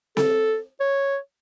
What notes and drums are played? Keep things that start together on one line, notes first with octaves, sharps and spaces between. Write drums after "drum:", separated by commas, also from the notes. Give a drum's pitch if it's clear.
A4, drum: snare C4
C#5